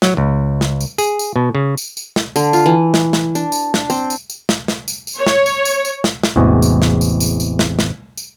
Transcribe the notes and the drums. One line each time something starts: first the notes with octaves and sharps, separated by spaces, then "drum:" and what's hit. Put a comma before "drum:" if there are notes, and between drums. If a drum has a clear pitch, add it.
F#3, drum: snare
C#2
drum: snare
drum: tambourine
G#4, drum: tambourine
drum: tambourine
B2
C#3
drum: tambourine
drum: tambourine
drum: snare
D3, drum: tambourine
F4, drum: tambourine
E3
drum: snare
drum: snare
D4, drum: tambourine
drum: tambourine
D4, drum: snare
C4, drum: tambourine
drum: tambourine
drum: tambourine
drum: snare
drum: snare
drum: tambourine
drum: tambourine
C#5
drum: snare
drum: tambourine
drum: tambourine
drum: tambourine
drum: snare
drum: snare
A1 E2 C3 G#3 F#4
drum: tambourine
drum: snare
drum: tambourine
drum: tambourine
drum: tambourine
drum: snare
drum: snare
drum: tambourine